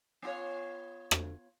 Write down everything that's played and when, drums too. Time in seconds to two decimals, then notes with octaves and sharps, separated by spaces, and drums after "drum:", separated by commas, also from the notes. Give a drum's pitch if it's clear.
0.22 B3 F4 C#5
1.11 drum: rim click